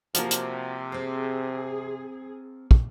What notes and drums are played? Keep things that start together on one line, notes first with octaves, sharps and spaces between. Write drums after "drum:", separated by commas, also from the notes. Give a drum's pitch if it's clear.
C3 F3 A#3 F#4, drum: hi-hat
drum: hi-hat
C4 G#4 C5
drum: kick